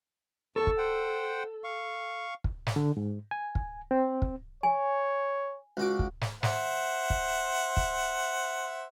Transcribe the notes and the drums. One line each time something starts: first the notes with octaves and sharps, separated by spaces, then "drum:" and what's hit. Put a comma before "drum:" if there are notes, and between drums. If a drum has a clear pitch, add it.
E2 A4 A5 C#6
drum: kick
C5 F#5 G5
F5 C#6
drum: kick
drum: snare
D3
G#2
G#5
drum: kick
C4
drum: kick
C#5 G#5
C#2 F#4 D6
drum: kick
drum: snare
C5 E5 F#5, drum: snare
drum: kick
drum: kick